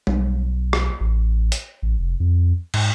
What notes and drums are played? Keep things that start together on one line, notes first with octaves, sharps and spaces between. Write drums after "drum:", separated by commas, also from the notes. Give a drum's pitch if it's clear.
B1, drum: tom G3
drum: rim click
A1
drum: hi-hat
A1
F1
F2
G#2, drum: cymbal